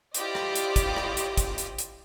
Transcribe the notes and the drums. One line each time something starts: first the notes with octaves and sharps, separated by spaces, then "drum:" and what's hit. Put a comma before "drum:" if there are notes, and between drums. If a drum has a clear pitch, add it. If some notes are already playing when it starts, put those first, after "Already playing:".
E4 F4 G4 C5 D5 D#5, drum: hi-hat
drum: rim click
drum: hi-hat
drum: kick, hi-hat
drum: rim click
drum: hi-hat
drum: kick, hi-hat
drum: hi-hat
drum: hi-hat